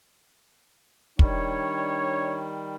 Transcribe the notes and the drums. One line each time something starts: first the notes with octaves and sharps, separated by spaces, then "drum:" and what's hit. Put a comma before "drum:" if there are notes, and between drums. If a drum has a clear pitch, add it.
D#3 G3 D4 C#5, drum: kick